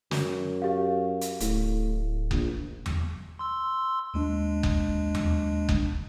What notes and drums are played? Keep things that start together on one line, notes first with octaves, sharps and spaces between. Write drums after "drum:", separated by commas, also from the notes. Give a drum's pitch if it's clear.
F#2, drum: snare
G4 F5
drum: hi-hat
D1 A2, drum: hi-hat
A#1, drum: kick F#1
drum: tom E2
C6 E6
D#2 G#3 D4
drum: kick F#1
drum: tom E2
drum: kick F#1